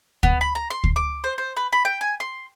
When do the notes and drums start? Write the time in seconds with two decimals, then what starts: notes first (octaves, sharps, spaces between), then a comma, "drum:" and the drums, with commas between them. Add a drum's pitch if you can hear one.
0.23 B3, drum: kick D2
0.41 B5
0.55 A#5
0.70 C6
0.84 drum: kick D2
0.96 D6
1.24 C5
1.38 C5
1.57 B4
1.72 B5
1.85 G5
2.01 G#5
2.20 C6